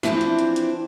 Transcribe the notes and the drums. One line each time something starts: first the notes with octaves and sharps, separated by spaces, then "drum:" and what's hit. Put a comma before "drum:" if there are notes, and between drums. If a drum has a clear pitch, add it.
E3 F3 G3 C4 D4, drum: snare
drum: hi-hat
drum: hi-hat
drum: hi-hat